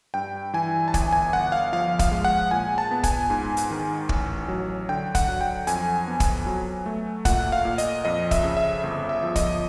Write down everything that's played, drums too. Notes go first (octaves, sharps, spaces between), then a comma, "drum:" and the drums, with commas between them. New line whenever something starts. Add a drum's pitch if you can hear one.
G2 G5
E3 G#5
A5
G1 G#5, drum: kick, hi-hat
G#5
G1 F#5
F5
F3 F5
F5, drum: kick, hi-hat
G#3
F#5
A#2 G#5
A5
B3
G#5, drum: kick, hi-hat
G#2
drum: hi-hat
D#3
A1, drum: kick
F#3
D3 G5
F#5, drum: kick, hi-hat
F#3
G5
F2 G#5, drum: hi-hat
B3
drum: kick, hi-hat
F#3
A3
A#2 F#5, drum: kick, hi-hat
F5
A#2
D#5, drum: hi-hat
F2 D#5
E5, drum: kick, hi-hat
C#3
E5
G1
E5
F3
D#5, drum: kick, hi-hat